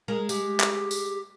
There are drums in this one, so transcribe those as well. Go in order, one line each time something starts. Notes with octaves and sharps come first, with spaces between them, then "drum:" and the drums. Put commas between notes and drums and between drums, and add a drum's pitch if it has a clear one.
G#3 A#4
G#3 G4, drum: tambourine
drum: clap
drum: tambourine